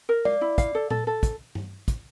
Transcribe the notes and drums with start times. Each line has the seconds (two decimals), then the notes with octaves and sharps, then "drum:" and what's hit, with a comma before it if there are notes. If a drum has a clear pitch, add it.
0.09 A#4
0.25 D5 F5, drum: tom G#3
0.41 E4
0.58 F5, drum: kick, hi-hat
0.75 A4
0.90 A4, drum: tom A#2
1.07 A4
1.23 drum: kick, hi-hat
1.55 drum: tom G2
1.88 drum: kick, hi-hat